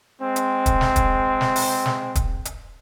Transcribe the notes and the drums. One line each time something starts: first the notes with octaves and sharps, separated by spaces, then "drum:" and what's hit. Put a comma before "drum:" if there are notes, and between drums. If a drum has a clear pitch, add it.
G#3 C4
drum: hi-hat
drum: kick, hi-hat
drum: snare
drum: kick, hi-hat
drum: snare
drum: open hi-hat
drum: snare
drum: kick, hi-hat
drum: hi-hat